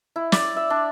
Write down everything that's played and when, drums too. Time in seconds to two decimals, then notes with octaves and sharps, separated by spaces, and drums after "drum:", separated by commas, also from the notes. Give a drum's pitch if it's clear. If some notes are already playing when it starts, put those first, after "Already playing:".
0.16 E4
0.32 D5, drum: snare
0.56 E5
0.70 D4